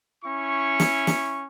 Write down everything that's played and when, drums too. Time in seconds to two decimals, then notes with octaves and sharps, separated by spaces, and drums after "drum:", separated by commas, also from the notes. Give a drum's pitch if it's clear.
0.24 C#4 E4 C#6
0.80 drum: snare
1.07 drum: snare